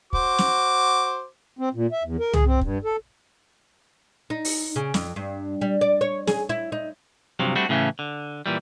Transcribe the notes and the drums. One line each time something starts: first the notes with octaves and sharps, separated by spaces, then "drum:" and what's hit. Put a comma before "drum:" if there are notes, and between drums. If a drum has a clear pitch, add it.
F#4 C5 D6, drum: kick
drum: snare
C4
A#2
E5
E2
A#4
G#4, drum: tom
C4
G2, drum: kick
A4
D#4
drum: open hi-hat
C#3
F2, drum: snare
G2
G3
D5
C#5
G#4, drum: snare
E4
D#4
G2 C3 F3 F#3
G3 A3 C4 D4 F#4
A2 C#3 E3 A3 C#4
D3
A#2 E3 G3